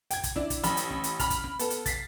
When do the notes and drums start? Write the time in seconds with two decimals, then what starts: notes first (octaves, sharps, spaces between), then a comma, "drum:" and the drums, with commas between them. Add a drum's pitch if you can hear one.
0.11 G5 G#6, drum: hi-hat
0.24 drum: kick, hi-hat
0.36 D4 E4 D5, drum: snare
0.50 drum: kick, hi-hat
0.64 A1 B5, drum: hi-hat
0.77 drum: hi-hat
0.90 drum: snare
1.04 drum: hi-hat
1.20 B5 F6, drum: kick, hi-hat
1.30 drum: kick, hi-hat
1.44 drum: snare
1.59 B3 A4, drum: hi-hat
1.70 drum: hi-hat
1.86 A6 B6 C7, drum: kick, hi-hat